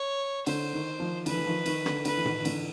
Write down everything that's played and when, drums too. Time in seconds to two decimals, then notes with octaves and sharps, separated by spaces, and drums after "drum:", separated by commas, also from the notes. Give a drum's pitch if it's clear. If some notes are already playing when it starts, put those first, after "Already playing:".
Already playing: C#5
0.46 D3 C5, drum: cymbal
0.73 D#3
0.99 D#3 F3
1.26 D3 E3 B4, drum: cymbal
1.37 E3
1.46 D#3 F3
1.66 D#3, drum: cymbal
1.86 D3, drum: rim click
2.05 D3 B4, drum: cymbal
2.17 E3
2.25 D#3, drum: tom A2
2.40 D#3
2.45 D3 E3, drum: cymbal